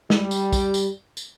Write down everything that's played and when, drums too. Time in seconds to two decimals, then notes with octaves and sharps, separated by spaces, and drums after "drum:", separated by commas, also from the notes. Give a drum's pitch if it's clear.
0.10 G3, drum: snare G#3
0.31 drum: tambourine
0.52 drum: kick, tambourine
0.74 drum: tambourine
1.17 drum: tambourine